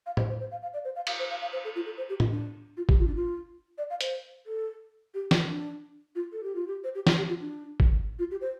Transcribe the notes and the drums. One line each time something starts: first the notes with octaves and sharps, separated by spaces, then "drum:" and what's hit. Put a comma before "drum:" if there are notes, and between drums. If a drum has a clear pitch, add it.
F5
C5, drum: tom A2
C5
C5
F5
F5
D5
C5
F5
F5, drum: cymbal
C5
F5
F5
C5
A4
F4
A4
C5
G4
F4, drum: tom A2
D4
F4
G4, drum: kick G#1
F4
D4
F4
D5
F5
C5, drum: hi-hat
A4
G4
F4, drum: snare
D4
F4
A4
G4
F4
G4
C5
G4
F4, drum: snare
G4
F4
D4
drum: kick G#1
F4
G4
C5